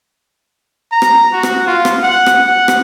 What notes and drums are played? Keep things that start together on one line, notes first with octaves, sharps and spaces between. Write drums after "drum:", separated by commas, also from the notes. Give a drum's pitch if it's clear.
A#5
drum: rim click
F#4
drum: rim click
F4
drum: rim click
F#5
drum: rim click
F#5
drum: rim click